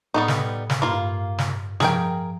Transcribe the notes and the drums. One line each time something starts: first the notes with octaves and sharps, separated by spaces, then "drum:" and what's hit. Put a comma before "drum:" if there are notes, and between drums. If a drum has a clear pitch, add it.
A2 G3 B3 D#4
drum: snare
drum: snare
G2 A#3 F4 F6
drum: snare
F3 G#4 A#4 G5, drum: snare